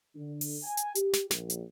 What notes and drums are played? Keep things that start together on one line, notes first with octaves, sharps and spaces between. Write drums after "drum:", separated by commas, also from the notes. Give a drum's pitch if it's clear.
D3
drum: open hi-hat
G#5
drum: hi-hat
G4, drum: hi-hat
drum: snare
A#1, drum: snare
drum: hi-hat